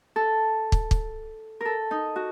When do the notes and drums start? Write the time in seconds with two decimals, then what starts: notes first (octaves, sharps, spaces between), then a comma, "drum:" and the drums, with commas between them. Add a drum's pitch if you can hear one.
0.16 A4
0.72 drum: kick
0.91 drum: kick
1.61 A4 A#4
1.91 D#4
2.16 F#4